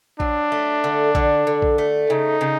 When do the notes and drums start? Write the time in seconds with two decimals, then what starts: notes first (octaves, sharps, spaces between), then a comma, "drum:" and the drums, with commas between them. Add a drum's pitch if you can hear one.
0.20 F#3 D4, drum: kick A#1
0.52 A3
0.84 D3
1.15 D3, drum: kick A#1
1.47 D3
1.62 drum: kick A#1
1.78 A3
2.10 C#3 D#4
2.41 C#3